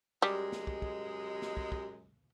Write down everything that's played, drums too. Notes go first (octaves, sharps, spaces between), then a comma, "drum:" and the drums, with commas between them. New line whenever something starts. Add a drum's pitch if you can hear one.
F#2 G3 G#3 G4
drum: snare
drum: kick
drum: kick
drum: snare
drum: kick
drum: kick